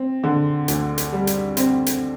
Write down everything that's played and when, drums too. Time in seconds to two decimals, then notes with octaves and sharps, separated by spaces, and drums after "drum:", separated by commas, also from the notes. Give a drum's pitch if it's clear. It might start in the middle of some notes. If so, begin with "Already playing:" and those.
Already playing: C4
0.23 D3
0.68 D2, drum: hi-hat
0.98 drum: hi-hat
1.13 G3
1.27 drum: hi-hat
1.57 C4, drum: hi-hat
1.86 drum: hi-hat